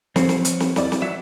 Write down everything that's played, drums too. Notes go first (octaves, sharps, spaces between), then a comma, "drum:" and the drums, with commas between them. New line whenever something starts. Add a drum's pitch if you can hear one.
F3 C4 C#5, drum: snare
drum: snare
drum: hi-hat
drum: snare
E4 D5, drum: snare
drum: snare
F#3 E5